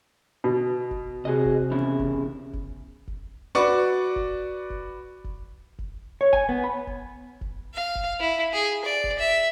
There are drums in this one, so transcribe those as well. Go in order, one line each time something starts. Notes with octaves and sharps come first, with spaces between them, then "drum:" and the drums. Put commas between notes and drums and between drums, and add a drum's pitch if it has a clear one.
B2
drum: kick
C3 F#4 G#4 D#5
drum: kick
E2 C#3 E4
drum: kick
drum: kick
drum: kick
F#4 B4 D5 C#6
drum: kick
drum: kick
drum: kick
drum: kick
C#5
G#5, drum: kick
B3
B5
drum: kick
drum: kick
F5
drum: kick
E4
G#4
D5
drum: kick
E5